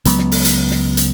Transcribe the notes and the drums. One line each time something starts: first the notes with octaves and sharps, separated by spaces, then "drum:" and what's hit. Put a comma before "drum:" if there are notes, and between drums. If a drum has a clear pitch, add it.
C#2 F#3 B3, drum: hi-hat
drum: snare
drum: open hi-hat
drum: hi-hat
drum: snare
drum: hi-hat